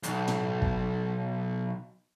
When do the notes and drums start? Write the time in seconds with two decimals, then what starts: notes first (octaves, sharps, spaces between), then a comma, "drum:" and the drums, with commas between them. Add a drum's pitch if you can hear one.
0.03 B1 E2, drum: hi-hat
0.28 drum: tom
0.62 drum: kick